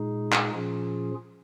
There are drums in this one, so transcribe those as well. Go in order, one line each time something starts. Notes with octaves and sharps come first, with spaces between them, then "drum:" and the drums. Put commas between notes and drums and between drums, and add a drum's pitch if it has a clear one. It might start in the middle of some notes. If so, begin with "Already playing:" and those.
Already playing: A#2 G#3 D#4 G#4
drum: clap
A#2 F3 C#4 F4 G#4